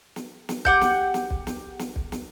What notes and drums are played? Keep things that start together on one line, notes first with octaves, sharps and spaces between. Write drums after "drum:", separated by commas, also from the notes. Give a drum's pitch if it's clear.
drum: snare
drum: snare
G4 F#5 G6, drum: kick
drum: snare
drum: snare
drum: kick
drum: snare
drum: snare
drum: kick
drum: snare